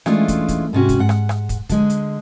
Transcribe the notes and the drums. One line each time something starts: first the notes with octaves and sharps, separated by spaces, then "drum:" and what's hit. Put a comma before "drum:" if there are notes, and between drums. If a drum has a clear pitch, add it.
E3 G#3 A3 C#4 D4 F4, drum: rim click
drum: kick, hi-hat
drum: kick, hi-hat
G#2 C3 C#4 F#4
drum: kick, hi-hat
G#2 F#5
drum: rim click
drum: rim click
drum: kick, hi-hat
D3 G#3, drum: kick, hi-hat
drum: hi-hat